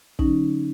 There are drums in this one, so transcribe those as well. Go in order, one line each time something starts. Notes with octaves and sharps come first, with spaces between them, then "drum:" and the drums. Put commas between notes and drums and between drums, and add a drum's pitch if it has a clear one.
D3 F#3 C#4 D#4, drum: kick